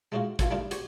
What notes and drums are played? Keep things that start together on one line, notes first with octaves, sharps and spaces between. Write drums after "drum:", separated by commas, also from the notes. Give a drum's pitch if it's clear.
G#3 A3 C#4 D#4 F4 F#4
E3 F4 F#4 A4 B4 C#5, drum: kick, hi-hat
G3 A3 A#3 D4 D#4 F4
F#4 G4 C5 C#5, drum: hi-hat